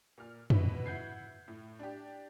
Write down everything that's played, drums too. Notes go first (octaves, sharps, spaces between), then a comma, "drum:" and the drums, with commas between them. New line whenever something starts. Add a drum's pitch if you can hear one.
A#2 F6
B2 E4 B4, drum: tom
E4 F#5 G6 G#6 C7
A2
D4 G4